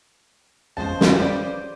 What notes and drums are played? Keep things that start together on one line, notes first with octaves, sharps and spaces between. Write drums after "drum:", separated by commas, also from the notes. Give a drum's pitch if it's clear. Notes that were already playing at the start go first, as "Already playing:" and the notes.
G1 F2 C#3 G#3 C5 A5
drum: snare
G4 B4 D5 D6 D#7